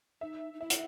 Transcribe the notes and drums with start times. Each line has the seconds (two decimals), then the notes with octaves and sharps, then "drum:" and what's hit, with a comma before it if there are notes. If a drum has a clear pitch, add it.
0.21 D#4 E5
0.54 D#4
0.61 E4 E5
0.70 F#5, drum: hi-hat